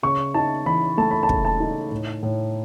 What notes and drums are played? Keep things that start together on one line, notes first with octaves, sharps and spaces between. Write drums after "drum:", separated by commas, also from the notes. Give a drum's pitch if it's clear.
C#3 C#6
D#4 A5
E3 B5
A3 A5
B5
A5
C#3, drum: kick
A5
D#4
A2
A2